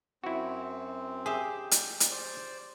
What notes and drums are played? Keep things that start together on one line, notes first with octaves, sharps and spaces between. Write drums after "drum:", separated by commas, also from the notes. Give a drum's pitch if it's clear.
F#2 C4 E4 F#4
G4 G#4 E5
drum: hi-hat
drum: hi-hat
C5 D5